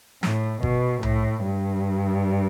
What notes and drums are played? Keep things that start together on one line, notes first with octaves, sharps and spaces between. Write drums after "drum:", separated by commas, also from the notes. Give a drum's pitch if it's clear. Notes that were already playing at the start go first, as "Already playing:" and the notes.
A2, drum: snare
B2, drum: kick G1
A2, drum: tom C2
G2